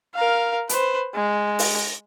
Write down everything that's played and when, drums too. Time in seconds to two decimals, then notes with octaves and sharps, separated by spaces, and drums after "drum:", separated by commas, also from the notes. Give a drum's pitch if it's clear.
0.15 A#4 F5
0.69 B4 C5, drum: hi-hat
1.14 G#3
1.59 drum: open hi-hat